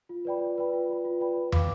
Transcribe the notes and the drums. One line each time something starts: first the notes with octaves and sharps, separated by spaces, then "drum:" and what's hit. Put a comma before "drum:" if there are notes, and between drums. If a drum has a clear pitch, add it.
F4
B4 D5 G5 B5
F4
B4 D5 G5 B5
F4
B4 D5 G5 B5
F4
B4 D5 G5 B5
B4
F5 B5 D6, drum: tom